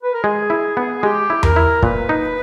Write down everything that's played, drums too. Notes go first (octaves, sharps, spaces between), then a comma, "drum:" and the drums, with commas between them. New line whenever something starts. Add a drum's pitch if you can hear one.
B4
A#4
G#3 G#4
E4
B3
G#3 G4
E4
A#4, drum: tom E2
E4
A#2 B4, drum: kick
D#4